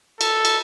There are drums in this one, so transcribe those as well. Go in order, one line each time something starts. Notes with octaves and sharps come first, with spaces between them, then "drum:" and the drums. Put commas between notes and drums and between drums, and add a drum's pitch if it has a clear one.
A4, drum: cymbal
drum: cymbal